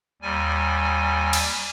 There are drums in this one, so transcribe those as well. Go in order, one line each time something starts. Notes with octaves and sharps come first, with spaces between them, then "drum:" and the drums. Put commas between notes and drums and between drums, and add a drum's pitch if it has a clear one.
D#2 G3 G#5
drum: cymbal